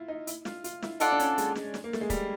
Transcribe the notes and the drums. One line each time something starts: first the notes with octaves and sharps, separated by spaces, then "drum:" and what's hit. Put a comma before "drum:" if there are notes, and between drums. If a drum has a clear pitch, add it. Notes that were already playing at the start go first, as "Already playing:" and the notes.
Already playing: E4 F4
D#4
E4, drum: hi-hat
F4, drum: snare
F4, drum: hi-hat
E4, drum: snare
D#4 F4 A4 D5 F#5, drum: hi-hat
D4
C#4, drum: hi-hat
G#3, drum: hi-hat
drum: snare
drum: snare
A#3
A3, drum: snare
G#3
G3, drum: kick, hi-hat